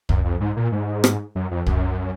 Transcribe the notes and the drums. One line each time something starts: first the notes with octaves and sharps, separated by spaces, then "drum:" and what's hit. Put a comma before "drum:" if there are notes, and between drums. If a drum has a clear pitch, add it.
F#2, drum: kick
F2
G#2
A#2
G#2
drum: rim click
F#2
F2
F#2, drum: kick